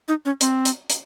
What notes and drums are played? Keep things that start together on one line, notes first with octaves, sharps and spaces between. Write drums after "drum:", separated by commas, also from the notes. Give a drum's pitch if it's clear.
D#4
C#4
C4, drum: hi-hat
drum: hi-hat
drum: hi-hat